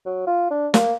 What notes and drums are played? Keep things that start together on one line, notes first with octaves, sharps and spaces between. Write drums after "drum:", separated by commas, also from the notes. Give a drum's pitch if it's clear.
F#3
F4
D4
A#3, drum: snare